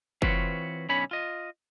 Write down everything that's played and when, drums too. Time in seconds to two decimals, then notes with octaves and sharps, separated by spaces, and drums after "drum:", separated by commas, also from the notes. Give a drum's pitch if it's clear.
0.22 E3 C4 F4 F#4 B4 C#5, drum: kick
0.89 B1 D3 C#4 C#5 B5
1.11 F4 D#5